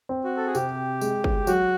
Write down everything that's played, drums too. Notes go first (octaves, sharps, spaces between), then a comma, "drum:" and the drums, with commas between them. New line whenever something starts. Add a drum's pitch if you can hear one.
C4
F#4
A4
G#4
C3 G4, drum: tambourine
G#3, drum: tambourine
drum: kick
F#3 F#4, drum: tambourine